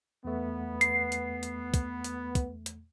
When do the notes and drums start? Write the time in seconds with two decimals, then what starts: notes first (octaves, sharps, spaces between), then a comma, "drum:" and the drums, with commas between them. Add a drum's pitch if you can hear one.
0.25 E2 A3 B3
0.81 C7, drum: hi-hat
1.12 drum: hi-hat
1.43 drum: hi-hat
1.74 drum: kick, hi-hat
2.04 drum: hi-hat
2.35 drum: kick, hi-hat
2.66 drum: hi-hat